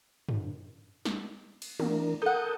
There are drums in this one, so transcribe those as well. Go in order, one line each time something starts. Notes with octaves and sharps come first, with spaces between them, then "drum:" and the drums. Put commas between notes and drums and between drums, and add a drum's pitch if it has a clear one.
drum: tom
drum: snare
drum: cymbal
E3 D4 A#4, drum: tom
A4 A#4 F#5 D#6 G6